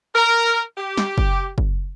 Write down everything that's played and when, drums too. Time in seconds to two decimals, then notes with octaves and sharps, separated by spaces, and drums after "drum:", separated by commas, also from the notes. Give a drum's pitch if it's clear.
0.14 A#4
0.77 G4
0.98 drum: snare
1.18 drum: kick F#1
1.58 drum: kick F#1